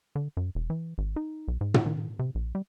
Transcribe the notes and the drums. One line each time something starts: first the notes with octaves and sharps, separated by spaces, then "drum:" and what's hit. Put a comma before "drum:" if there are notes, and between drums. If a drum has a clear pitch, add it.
D3
F#2
E1
E3
G#1
D#4
B1
G#2
drum: tom
D#3
C3
A#1
G3